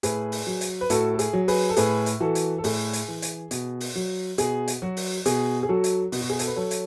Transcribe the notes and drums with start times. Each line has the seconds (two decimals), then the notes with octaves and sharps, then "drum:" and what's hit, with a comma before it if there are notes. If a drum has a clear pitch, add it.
0.03 A2 G#4 B4, drum: hi-hat
0.32 drum: open hi-hat
0.47 F#3
0.61 drum: hi-hat
0.81 B4
0.90 A2 F#4 A4, drum: hi-hat
1.14 A4
1.19 G#4, drum: hi-hat
1.33 F#3
1.48 G#4 B4, drum: open hi-hat
1.70 A4
1.77 A2 G#4 B4, drum: hi-hat
2.06 drum: hi-hat
2.20 E3 F#4 A4
2.35 drum: hi-hat
2.58 A4
2.64 A2 G#4, drum: open hi-hat
2.93 drum: hi-hat
3.08 E3
3.22 drum: hi-hat
3.51 B2, drum: hi-hat
3.80 drum: open hi-hat
3.95 F#3
4.38 B2 G#4, drum: hi-hat
4.68 drum: hi-hat
4.82 F#3 F#4
4.97 drum: open hi-hat
5.26 B2 G#4, drum: hi-hat
5.63 G#4
5.69 F#3 F#4 A4
5.84 drum: hi-hat
6.12 B2, drum: open hi-hat
6.21 F#4
6.30 G#4
6.39 A4, drum: hi-hat
6.47 B4
6.56 F#3 A4 C#5
6.71 drum: hi-hat